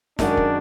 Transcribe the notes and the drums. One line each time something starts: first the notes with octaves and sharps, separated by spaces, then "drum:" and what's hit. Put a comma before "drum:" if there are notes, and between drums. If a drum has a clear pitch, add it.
F#2 D#3 G#3 C#4 D4 F#4, drum: snare
drum: kick